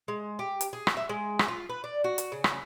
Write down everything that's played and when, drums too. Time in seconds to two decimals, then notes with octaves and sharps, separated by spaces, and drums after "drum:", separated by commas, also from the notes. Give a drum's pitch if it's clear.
0.08 G#3
0.39 G4
0.61 drum: hi-hat
0.73 G#4
0.87 drum: rim click
0.97 E5
1.09 G#3
1.39 drum: rim click
1.48 F4
1.70 B4
1.84 D5
2.04 F#4
2.18 drum: hi-hat
2.32 C#3
2.44 drum: rim click